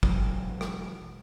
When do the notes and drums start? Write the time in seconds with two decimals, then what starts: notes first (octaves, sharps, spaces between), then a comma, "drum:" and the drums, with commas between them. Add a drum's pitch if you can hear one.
0.03 E1 E3 F#3, drum: kick
0.61 drum: rim click